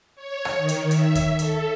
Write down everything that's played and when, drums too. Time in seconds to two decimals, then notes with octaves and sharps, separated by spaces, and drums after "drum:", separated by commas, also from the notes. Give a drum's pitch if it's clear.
0.16 C#5
0.45 drum: rim click
0.56 D#3
0.69 drum: hi-hat
0.91 E5, drum: hi-hat
1.15 drum: kick D#2, hi-hat
1.39 A4, drum: hi-hat